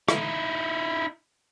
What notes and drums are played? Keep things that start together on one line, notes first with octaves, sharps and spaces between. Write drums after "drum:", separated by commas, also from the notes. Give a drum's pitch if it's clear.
D#4 E4, drum: rim click